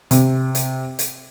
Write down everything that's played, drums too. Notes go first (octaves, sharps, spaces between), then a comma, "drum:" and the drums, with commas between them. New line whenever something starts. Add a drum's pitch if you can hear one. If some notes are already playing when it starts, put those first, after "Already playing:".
C3, drum: hi-hat
drum: hi-hat
drum: hi-hat